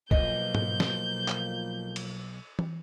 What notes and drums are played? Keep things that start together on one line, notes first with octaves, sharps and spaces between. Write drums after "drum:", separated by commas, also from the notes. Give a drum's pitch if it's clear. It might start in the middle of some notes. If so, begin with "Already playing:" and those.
B1 F3 A#3 D#5 G6, drum: kick
drum: tom G#2
drum: snare
drum: clap
drum: cymbal
drum: tom E3